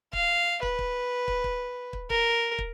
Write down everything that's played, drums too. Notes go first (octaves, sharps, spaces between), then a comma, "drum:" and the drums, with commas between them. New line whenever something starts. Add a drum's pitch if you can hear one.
F5, drum: kick
B4, drum: kick
drum: kick
drum: kick
drum: kick
drum: kick
A#4, drum: kick
drum: kick